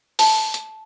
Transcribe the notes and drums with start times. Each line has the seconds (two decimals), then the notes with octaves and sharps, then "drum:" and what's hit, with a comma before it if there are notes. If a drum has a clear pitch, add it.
0.19 A5, drum: open hi-hat
0.54 drum: hi-hat